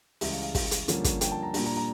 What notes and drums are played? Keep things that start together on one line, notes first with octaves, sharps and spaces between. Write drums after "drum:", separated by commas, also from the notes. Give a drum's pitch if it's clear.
C#2 C#3 E3 G3 E5, drum: open hi-hat
F5
F5
drum: kick, open hi-hat
drum: hi-hat
G2 D3 F3 A#3 C#4, drum: hi-hat
drum: kick, hi-hat
G5, drum: hi-hat
A5
A#5
A#2 G3 D4 A#5, drum: open hi-hat
A#5
A#5